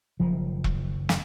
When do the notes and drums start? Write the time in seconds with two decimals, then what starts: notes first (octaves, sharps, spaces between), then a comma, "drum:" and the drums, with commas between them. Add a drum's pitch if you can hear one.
0.19 F#1 D#3 F3
0.64 drum: kick E1
1.09 drum: snare